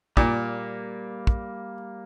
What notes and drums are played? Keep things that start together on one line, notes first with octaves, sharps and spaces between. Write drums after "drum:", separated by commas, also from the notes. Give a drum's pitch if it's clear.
A#2 G3 A#3, drum: kick
drum: kick